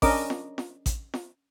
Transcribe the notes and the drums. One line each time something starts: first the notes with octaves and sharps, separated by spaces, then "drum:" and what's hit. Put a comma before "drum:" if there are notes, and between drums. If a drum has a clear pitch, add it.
C#4 D4 A#4 D#5 D6, drum: kick A1, open hi-hat
drum: snare F4
drum: snare F4
drum: kick A1, hi-hat
drum: snare F4